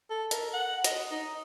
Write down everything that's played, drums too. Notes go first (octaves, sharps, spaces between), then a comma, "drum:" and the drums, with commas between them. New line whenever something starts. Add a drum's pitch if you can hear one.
A4
A#4, drum: hi-hat
F#5
D#5, drum: hi-hat
D#4